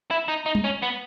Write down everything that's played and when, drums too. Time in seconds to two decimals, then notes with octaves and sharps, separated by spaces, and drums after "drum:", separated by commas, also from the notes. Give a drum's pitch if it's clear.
0.11 E4
0.28 D#4
0.46 D#4
0.55 drum: tom G3
0.64 C#4
0.82 B3